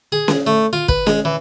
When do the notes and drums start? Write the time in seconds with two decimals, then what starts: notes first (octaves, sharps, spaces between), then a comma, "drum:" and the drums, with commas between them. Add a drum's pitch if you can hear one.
0.12 G#4
0.28 drum: snare C#4
0.47 A3
0.73 F4
0.89 B4, drum: kick
1.07 G#3, drum: snare C#4
1.25 E3